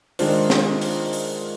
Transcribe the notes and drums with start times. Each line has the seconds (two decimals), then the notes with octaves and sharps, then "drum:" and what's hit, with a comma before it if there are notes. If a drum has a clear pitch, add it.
0.19 D#3 G#3 D4 F4 C5, drum: open hi-hat
0.50 drum: snare
0.81 drum: open hi-hat
1.13 drum: open hi-hat